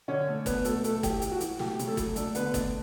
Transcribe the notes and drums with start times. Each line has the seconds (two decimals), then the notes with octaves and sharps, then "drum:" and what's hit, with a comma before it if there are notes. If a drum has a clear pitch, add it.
0.08 D3 C#4 C#5
0.27 A3
0.46 B3 D4 B4, drum: kick, hi-hat
0.65 B2 A3 A4, drum: hi-hat
0.84 A3 A4, drum: hi-hat
1.03 A1 G4, drum: kick, hi-hat
1.22 A2, drum: hi-hat
1.31 F#4
1.40 E3, drum: hi-hat
1.59 A3 G4, drum: snare
1.79 C#3, drum: hi-hat
1.88 A3 A4
1.97 F#3, drum: kick, hi-hat
2.16 A3 D4 A4, drum: hi-hat
2.35 D3 B3 B4, drum: hi-hat
2.54 A3 D4 D5, drum: kick, hi-hat